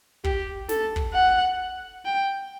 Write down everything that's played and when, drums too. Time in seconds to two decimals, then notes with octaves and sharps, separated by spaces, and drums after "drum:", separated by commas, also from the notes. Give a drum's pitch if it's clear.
0.25 G4, drum: kick
0.69 A4, drum: snare
0.96 drum: kick
1.14 F#5
2.05 G5